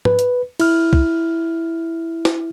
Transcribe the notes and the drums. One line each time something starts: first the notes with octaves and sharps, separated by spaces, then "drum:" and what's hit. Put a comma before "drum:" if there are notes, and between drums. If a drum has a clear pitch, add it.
B4, drum: tom
drum: hi-hat
E4 F6, drum: cymbal
drum: kick C2
drum: snare